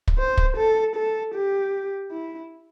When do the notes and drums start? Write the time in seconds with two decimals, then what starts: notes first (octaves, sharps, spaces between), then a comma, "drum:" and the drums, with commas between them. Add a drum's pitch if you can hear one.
0.08 drum: kick
0.19 C5
0.37 drum: kick
0.57 A4
0.96 A4
1.35 G4
2.12 E4